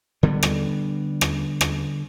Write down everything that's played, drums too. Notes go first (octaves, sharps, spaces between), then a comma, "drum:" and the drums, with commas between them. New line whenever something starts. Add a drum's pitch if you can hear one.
D3 G3 B3
drum: rim click
drum: rim click
drum: rim click